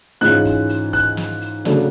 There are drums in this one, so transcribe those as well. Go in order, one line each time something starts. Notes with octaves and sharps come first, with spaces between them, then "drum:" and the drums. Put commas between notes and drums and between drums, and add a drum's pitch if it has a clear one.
G#2 E3 G#3 C#4 F4 F#6, drum: hi-hat
drum: kick, hi-hat
drum: hi-hat
F#6, drum: kick, hi-hat
drum: snare
drum: hi-hat
C#3 F#3 A3 D4, drum: snare